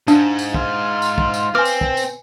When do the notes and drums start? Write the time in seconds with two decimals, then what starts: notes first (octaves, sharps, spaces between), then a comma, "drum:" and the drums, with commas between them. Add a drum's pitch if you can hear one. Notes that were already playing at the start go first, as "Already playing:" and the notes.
0.08 G#2 D4 F5, drum: tambourine
0.39 drum: tambourine
0.54 F4, drum: kick
1.02 drum: tambourine
1.18 drum: kick
1.34 drum: tambourine
1.55 C4 B4 G#5 D6 F6
1.65 drum: tambourine
1.81 drum: kick
1.97 drum: tambourine